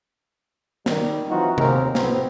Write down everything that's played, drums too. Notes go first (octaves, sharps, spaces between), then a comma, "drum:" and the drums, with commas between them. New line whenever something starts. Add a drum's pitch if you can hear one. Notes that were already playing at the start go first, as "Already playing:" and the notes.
D#3 G3, drum: snare
E3 F#3 C4 D#4 F4 F#4
D#2 G#2 C3 G#3 C4 A#4, drum: tom C3
B1 A2 B3 C4, drum: snare